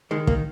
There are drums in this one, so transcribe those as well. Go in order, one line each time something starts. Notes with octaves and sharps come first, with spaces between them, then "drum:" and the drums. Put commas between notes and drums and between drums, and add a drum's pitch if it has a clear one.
D#3 G#3
A#3, drum: kick